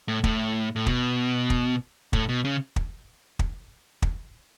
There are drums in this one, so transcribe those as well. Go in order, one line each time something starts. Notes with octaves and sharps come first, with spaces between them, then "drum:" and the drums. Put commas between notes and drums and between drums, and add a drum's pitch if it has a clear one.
A2
A2, drum: kick
A2
B2, drum: kick
drum: kick
A2, drum: kick
B2
C#3
drum: kick
drum: kick
drum: kick